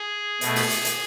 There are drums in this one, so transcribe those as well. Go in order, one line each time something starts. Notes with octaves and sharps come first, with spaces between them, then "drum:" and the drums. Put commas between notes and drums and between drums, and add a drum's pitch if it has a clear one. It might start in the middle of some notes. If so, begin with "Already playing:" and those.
Already playing: G#4
B2 A3, drum: hi-hat
drum: open hi-hat
drum: hi-hat
drum: hi-hat